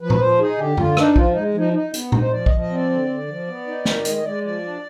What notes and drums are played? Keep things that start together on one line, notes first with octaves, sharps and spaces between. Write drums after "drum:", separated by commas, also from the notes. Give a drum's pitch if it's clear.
F3 B4
drum: tom A#2
F3 C5
D#4 G#4
D3 G4
D3 F4, drum: tom F#2
D4 D#4, drum: rim click
F3 F4, drum: kick
D#4
G#3
F3 D#4
D#4
B3, drum: hi-hat
D#4, drum: tom A#2
C5
F3 D5
F3 D#5, drum: kick
D#5
C4 D5
D3
D3
F3
B3
D#4
D#3, drum: snare
D5
G#3 D#5, drum: hi-hat
D#5
G#3 D5
F3 D5
D4